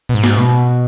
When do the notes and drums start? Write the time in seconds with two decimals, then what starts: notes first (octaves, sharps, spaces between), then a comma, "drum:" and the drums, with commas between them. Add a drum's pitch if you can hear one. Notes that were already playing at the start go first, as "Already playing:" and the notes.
0.09 B2
0.14 G#2
0.24 drum: snare
0.38 B2